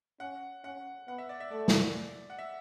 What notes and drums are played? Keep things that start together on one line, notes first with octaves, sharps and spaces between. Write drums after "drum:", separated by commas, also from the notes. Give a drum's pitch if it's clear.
C#4 F#5
C#4 F#5
B3 F#5
E5
D5
E5
A3 D5
drum: snare
F#5
E5